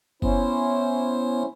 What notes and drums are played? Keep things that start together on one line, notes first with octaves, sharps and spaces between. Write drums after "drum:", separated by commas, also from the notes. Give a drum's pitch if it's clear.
B3 C#4 E4 C5, drum: kick F#1